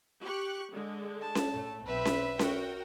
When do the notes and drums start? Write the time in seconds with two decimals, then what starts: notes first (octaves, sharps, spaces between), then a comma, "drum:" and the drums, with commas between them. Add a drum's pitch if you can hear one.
0.23 G4 C#6 F#6
0.73 D3 G#3
1.21 A5
1.35 drum: snare C#4
1.53 A2 A3
1.86 B1 C4 B4 E5 B5
2.05 drum: snare C#4
2.39 F#4 A#4 G5, drum: snare C#4